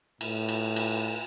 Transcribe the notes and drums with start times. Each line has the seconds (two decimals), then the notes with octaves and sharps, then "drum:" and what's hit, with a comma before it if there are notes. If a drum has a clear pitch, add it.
0.21 A2, drum: cymbal
0.49 drum: cymbal
0.76 drum: cymbal